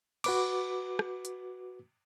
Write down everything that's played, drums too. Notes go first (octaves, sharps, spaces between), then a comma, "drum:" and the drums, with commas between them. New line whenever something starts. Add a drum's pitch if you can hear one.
F#4 B4 D6, drum: cymbal
drum: rim click
drum: hi-hat